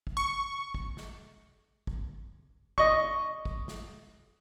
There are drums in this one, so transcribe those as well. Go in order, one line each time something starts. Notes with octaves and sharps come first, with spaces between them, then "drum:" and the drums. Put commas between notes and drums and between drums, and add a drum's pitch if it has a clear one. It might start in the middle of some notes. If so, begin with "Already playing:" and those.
drum: kick
C#6
drum: kick
drum: snare
drum: kick
D#5 C#6, drum: kick
drum: kick
drum: snare